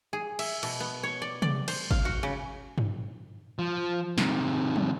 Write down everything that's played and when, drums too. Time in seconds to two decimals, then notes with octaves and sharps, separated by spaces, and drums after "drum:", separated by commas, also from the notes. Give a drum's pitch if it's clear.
0.13 G#4
0.39 E5, drum: cymbal
0.63 B2, drum: cymbal
0.80 B3
1.03 C#5
1.22 D5
1.42 D5, drum: tom C3
1.68 C5, drum: cymbal
1.91 F5, drum: kick G1
2.05 F#4
2.23 C#3
2.78 drum: tom G2
3.59 F3
4.18 C3 D#3, drum: snare
4.76 drum: tom F3